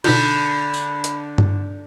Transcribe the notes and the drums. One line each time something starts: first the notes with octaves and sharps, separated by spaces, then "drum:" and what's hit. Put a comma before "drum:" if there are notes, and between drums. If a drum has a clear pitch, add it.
B2 D3 D#4 F4 B5 G6 B6, drum: cymbal
drum: tambourine
drum: hi-hat
drum: tom G2